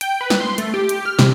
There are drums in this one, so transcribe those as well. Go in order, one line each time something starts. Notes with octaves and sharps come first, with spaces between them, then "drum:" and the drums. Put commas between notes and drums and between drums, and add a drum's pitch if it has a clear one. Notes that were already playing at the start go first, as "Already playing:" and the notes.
G5, drum: hi-hat
B4
drum: snare
C6
A3, drum: hi-hat
G4
drum: hi-hat
F6
C3, drum: snare